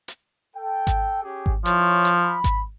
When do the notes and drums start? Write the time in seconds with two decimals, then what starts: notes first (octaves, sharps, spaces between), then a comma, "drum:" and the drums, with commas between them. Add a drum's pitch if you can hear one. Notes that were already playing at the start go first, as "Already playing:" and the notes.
0.08 drum: hi-hat
0.56 A4 G5
0.87 drum: kick G#1, hi-hat
1.23 C#4 G4 G#4
1.46 drum: kick G#1
1.65 F3 E4 C#5, drum: hi-hat
2.05 drum: hi-hat
2.24 B5
2.44 drum: kick G#1, hi-hat